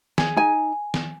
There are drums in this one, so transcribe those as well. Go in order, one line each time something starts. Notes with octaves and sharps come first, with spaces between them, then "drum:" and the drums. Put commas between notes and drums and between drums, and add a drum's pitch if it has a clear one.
G#4, drum: snare
D#4 G#5
drum: snare